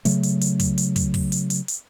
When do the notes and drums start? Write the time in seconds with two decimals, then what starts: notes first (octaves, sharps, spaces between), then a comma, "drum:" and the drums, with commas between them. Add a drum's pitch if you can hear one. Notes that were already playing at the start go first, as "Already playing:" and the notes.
0.05 C#3 F#3 A3, drum: hi-hat
0.23 drum: hi-hat
0.41 drum: hi-hat
0.59 drum: kick, hi-hat
0.78 drum: hi-hat
0.96 drum: kick, hi-hat
1.14 drum: kick, open hi-hat
1.32 drum: hi-hat
1.50 drum: hi-hat
1.68 drum: hi-hat